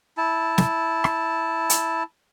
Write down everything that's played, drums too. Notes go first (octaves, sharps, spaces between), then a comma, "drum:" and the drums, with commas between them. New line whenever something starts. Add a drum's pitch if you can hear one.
E4 A5
drum: snare
drum: rim click
drum: hi-hat